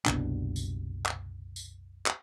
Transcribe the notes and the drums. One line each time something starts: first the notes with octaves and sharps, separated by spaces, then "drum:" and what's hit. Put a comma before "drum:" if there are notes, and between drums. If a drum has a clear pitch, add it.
F#1 C2 B2 D4, drum: clap
drum: tambourine
drum: clap
drum: tambourine
drum: clap